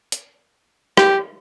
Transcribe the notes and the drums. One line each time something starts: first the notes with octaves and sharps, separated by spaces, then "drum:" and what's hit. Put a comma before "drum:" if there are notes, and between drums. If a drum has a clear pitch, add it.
drum: hi-hat
G4, drum: rim click